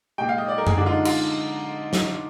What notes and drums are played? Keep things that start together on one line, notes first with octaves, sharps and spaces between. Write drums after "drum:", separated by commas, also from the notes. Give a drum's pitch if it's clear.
A#2 G#3 G5
F5
D#5
D5
A#4
G#4, drum: tom F#2
D3 G#3 D4
F4
D#4
F4, drum: cymbal
drum: snare